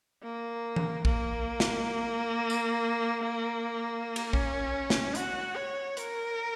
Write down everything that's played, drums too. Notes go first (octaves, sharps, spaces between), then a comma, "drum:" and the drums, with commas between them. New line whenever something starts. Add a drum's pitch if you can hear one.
A#3
drum: tom E3
A#3, drum: kick A#1
drum: snare
drum: tambourine
drum: cymbal
C#4, drum: kick A#1
drum: snare
F#4, drum: hi-hat
C#5
A#4, drum: hi-hat